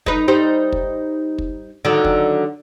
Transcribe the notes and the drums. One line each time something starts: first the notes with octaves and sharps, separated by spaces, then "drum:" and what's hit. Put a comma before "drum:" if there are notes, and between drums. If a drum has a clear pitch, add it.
D#4 B4, drum: kick
G3 D#4 C5
drum: kick
drum: kick
D3 D#3 F#3
drum: kick